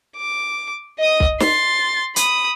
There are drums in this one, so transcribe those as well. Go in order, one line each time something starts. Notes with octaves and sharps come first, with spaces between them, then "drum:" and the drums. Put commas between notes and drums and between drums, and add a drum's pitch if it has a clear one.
D6
D#5 D#6
drum: kick
C6 A6, drum: snare
B5 D#6, drum: hi-hat